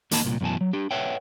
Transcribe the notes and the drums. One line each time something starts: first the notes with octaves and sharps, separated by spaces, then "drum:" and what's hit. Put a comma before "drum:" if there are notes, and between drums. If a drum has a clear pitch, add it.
E2 D#3 A#3 D#5 A5 B5, drum: hi-hat
C2 A#2
F#2 B2 E3 G#5 A5
F#3
D4 G4
B4 C#5 E5 F#5 G5